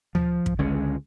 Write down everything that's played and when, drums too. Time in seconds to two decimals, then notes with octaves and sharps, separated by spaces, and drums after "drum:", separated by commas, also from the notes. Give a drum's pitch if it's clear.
0.15 F3, drum: tom D2
0.46 drum: kick
0.59 C#2 D3 G#3 C#4